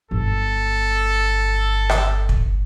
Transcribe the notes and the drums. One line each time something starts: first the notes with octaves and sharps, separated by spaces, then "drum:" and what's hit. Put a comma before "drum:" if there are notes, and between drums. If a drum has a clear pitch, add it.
G1 A4
drum: rim click
drum: kick